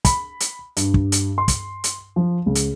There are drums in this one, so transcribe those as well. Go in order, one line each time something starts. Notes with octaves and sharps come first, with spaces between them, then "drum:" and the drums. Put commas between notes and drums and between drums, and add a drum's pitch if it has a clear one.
B5, drum: kick, hi-hat
drum: hi-hat
G2, drum: hi-hat
drum: kick
drum: hi-hat
C6
drum: kick, hi-hat
drum: hi-hat
F3
C#2
drum: hi-hat